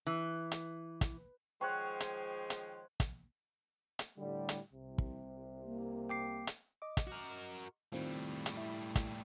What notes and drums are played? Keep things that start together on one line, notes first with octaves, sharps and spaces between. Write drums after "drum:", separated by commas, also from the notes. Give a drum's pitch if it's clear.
E3
drum: hi-hat
drum: kick, hi-hat
D#3 F3 G#3 C5 C#5 F#5 G5 C#6
drum: hi-hat
drum: hi-hat
drum: kick, hi-hat
drum: hi-hat
A2 D3 G3
drum: hi-hat
C2 C3
drum: kick
A#3
G5 D6 C7
drum: hi-hat
D#5 D6
drum: kick, hi-hat
F#4 A#4
A2 D#3 G3 C4 F4
drum: hi-hat
E4
drum: kick, hi-hat